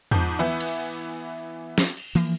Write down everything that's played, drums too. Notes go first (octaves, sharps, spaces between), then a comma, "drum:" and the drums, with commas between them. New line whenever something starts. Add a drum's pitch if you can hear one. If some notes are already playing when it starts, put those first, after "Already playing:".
G#2 F3 G6, drum: tom E2
E3 B3 E4
drum: cymbal
drum: snare
drum: cymbal
E3 F3 A#3